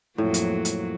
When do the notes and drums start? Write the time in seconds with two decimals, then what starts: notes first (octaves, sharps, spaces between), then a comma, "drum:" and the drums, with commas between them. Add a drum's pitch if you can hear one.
0.18 F2 A2 F#3 A#3
0.34 drum: hi-hat
0.65 drum: hi-hat